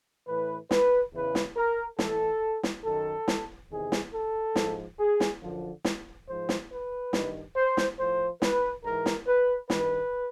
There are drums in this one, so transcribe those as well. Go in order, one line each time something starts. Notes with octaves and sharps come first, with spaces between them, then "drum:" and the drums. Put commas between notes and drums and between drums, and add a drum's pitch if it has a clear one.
A2 E3 B4
B4, drum: snare
E2 C#3 E3 B4
drum: snare
A#4
A2 E3 A4, drum: snare
drum: snare
F#2 D#3 A4
drum: snare
E2 C3 D#3 G#4
drum: snare
A4
G#2 F3, drum: snare
G#4
drum: snare
F#2 D3 F3
drum: snare
G#2 F3 C5
drum: snare
B4
G2 D#3, drum: snare
C5
drum: snare
A2 F3 C5
B4, drum: snare
G#2 E3 A#4
drum: snare
B4
G2 D#3 B4, drum: snare